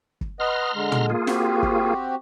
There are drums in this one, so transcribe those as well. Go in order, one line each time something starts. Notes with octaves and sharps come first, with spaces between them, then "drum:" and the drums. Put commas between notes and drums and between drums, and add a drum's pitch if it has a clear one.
drum: kick
B4 D#5 F#5 A#5 C6 F6
D3 G#3
drum: tom
A#3 F4 G#4
C4 F#4 G4, drum: snare
drum: kick